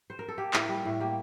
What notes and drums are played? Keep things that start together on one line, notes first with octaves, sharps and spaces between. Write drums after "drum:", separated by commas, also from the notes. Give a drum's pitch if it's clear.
C5
A#4
A4
A#3 G4
A2, drum: clap
G3
A2
A#3 G4